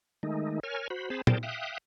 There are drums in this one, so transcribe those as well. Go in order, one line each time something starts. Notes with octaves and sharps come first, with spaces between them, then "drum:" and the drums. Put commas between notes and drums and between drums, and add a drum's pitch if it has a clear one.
D#3 G#3 A3 D#4
A#4 C#5 G#5 F6
F#4 C5 B5
C4 G#4 C5 A5 B5
G#4 A#4 C5 D5 G5 A5, drum: tom
E5 F5 G5 D#6 F#6